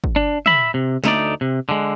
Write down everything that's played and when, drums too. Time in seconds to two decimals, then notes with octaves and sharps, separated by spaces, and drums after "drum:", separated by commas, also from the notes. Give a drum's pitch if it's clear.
0.04 drum: kick
0.16 D4
0.46 E5 B5, drum: tom
0.74 C3
1.04 D2 A3 D#4 D5, drum: snare
1.41 C3
1.69 D3 G#3